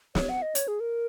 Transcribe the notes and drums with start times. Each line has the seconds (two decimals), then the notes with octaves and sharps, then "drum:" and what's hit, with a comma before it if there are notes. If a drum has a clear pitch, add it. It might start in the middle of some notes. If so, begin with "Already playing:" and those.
0.15 C#5, drum: snare
0.29 F#5
0.42 D#5
0.55 C#5, drum: hi-hat
0.68 G#4
0.80 A#4